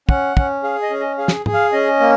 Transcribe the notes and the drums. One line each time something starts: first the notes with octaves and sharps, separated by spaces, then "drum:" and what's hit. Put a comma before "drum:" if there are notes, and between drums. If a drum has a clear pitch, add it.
C#4 F#5, drum: kick
C#4, drum: kick
G#4 F5
D#5
C#4
D#5
G#4 F5
drum: snare
G#4, drum: tom G#2
F5
C#4 D#5
A#3